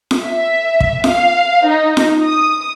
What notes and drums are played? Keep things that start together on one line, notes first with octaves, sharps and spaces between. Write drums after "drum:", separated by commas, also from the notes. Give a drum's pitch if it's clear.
drum: snare F4
E5
drum: kick
F5, drum: snare F4
D#4
drum: snare F4
D#6